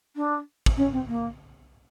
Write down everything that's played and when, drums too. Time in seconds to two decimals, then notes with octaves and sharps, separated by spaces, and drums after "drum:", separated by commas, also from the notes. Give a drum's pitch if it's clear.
0.16 D4
0.66 drum: kick
0.77 C#4
0.92 C4
1.08 A#3